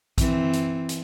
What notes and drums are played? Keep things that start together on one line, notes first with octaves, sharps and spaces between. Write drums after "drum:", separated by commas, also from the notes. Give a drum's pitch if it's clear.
E3 C4, drum: kick A#1, hi-hat
drum: hi-hat
drum: hi-hat